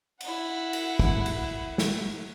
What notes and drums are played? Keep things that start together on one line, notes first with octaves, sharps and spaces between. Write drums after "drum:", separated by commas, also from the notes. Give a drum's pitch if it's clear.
E4 F#5, drum: cymbal
drum: cymbal
drum: kick
drum: cymbal
drum: snare